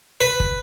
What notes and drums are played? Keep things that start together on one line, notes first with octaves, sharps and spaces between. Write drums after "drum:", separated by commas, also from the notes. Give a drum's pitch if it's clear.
B4
drum: kick